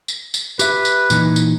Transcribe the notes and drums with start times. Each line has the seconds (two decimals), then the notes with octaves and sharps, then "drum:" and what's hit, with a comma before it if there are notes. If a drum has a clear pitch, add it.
0.08 drum: tambourine
0.34 drum: tambourine
0.59 G4 B4 E5, drum: tambourine
0.85 drum: tambourine
1.10 A#2 E3 D#4, drum: tambourine
1.36 drum: tambourine